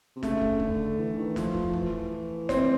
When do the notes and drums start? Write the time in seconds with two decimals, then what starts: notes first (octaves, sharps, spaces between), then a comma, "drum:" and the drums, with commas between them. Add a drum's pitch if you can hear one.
0.16 C3
0.23 C#3 A3, drum: snare
0.41 drum: kick
0.60 D3, drum: kick
0.98 E3
1.18 D#3
1.27 E3
1.36 F3, drum: snare
1.54 drum: kick
1.73 E3, drum: kick
2.49 C4, drum: snare